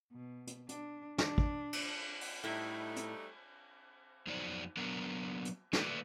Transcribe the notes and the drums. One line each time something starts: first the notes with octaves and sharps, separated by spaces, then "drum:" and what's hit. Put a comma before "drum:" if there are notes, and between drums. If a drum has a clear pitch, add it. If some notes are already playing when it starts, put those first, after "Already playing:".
B2
drum: hi-hat
D4, drum: hi-hat
D4, drum: snare
drum: kick
drum: cymbal
drum: open hi-hat
A2 G3 A3 D#4 E4 A#5
drum: hi-hat
F2 F#3 D#4 C5 D5
F#3 B3 D4 A#4
drum: hi-hat
A3 A#3 B4 D5, drum: snare